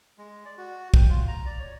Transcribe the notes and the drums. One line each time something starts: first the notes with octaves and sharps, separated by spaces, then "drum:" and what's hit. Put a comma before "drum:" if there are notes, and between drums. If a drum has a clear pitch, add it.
G#3
D5
F#4
G5, drum: kick
F4
A#5
D5
C#5